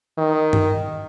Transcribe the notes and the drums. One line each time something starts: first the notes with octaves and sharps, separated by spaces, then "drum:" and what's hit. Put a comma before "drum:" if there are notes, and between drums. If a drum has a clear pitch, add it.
D#3
drum: tom G2